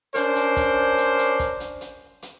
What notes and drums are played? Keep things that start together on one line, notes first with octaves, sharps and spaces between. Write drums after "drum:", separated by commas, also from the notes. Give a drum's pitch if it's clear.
C#4 D4 A#4 C5, drum: hi-hat
drum: hi-hat
drum: kick, hi-hat
drum: hi-hat
drum: hi-hat
drum: kick, hi-hat
drum: hi-hat
drum: hi-hat
drum: hi-hat